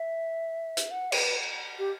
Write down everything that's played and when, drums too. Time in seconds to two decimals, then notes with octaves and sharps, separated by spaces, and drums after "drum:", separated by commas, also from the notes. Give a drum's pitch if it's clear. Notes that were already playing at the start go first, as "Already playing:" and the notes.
Already playing: E5
0.77 drum: hi-hat
0.91 F#5
1.12 B4, drum: cymbal
1.79 G4